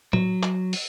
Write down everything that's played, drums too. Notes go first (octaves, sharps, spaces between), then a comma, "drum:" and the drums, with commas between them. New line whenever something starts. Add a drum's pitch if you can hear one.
F#3, drum: tom
drum: clap
drum: open hi-hat